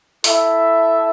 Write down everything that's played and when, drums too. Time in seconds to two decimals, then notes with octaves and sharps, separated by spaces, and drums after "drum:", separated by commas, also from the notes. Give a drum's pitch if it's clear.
0.24 E4 A4 E5, drum: open hi-hat